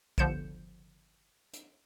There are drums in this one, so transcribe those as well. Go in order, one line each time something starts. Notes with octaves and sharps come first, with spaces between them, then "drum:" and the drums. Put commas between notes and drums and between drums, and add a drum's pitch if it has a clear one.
G1 D3 F3 G6 C#7 E7, drum: kick B1
drum: hi-hat